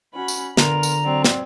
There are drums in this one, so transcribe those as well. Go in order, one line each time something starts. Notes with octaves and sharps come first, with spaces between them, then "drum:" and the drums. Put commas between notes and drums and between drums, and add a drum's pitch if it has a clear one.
C#4 F#4 B5
drum: tambourine
D3 B3 F4 A#4 A#5, drum: snare
drum: tambourine
F#3 C4 D5
drum: snare